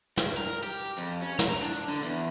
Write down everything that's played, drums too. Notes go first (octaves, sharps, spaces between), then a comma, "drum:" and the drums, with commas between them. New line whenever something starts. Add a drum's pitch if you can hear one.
G2, drum: snare
A#4
G4
F2
C#4
A#5, drum: snare
D4
D3
E2